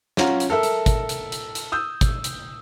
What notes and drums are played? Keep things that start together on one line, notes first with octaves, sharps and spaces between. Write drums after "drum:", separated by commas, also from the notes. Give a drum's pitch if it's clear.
C#4 F4 F#5 A#5, drum: snare
drum: hi-hat
A4 A#4 E5 E6
drum: hi-hat
drum: kick, hi-hat
drum: hi-hat
drum: hi-hat
drum: hi-hat
D#6 E6 G6
drum: kick, hi-hat
drum: hi-hat